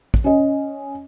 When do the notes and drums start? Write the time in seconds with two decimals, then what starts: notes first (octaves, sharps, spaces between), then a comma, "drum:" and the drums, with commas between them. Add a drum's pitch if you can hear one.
0.14 drum: kick
0.24 C#4 D#5